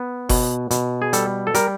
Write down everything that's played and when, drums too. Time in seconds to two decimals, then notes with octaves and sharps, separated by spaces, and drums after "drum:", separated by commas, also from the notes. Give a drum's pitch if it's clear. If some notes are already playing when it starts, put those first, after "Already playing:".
Already playing: B3
0.29 B2, drum: kick F#1, open hi-hat
0.71 B2, drum: hi-hat
1.02 G#4
1.13 G3 A4, drum: hi-hat
1.47 A4
1.54 G3 A#4, drum: hi-hat